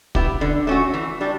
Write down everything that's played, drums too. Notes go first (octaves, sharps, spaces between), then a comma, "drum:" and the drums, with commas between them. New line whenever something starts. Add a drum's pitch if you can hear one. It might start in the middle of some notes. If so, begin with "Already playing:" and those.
B3 E4 G4, drum: kick
D3
A3 C#4 F#4
E3
G3 D4